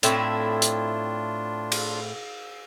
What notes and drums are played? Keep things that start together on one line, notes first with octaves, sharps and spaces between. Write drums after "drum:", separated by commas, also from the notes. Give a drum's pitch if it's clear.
A2 C4 D4 E4 F4, drum: hi-hat
drum: hi-hat
drum: cymbal